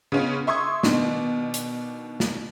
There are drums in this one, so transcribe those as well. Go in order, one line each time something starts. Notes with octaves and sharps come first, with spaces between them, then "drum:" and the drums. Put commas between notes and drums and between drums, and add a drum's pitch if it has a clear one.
C#3 B3 C#4 F4
E5 C6 C#6 D#6 G#6
B2 D#3 D4, drum: snare
drum: hi-hat
drum: snare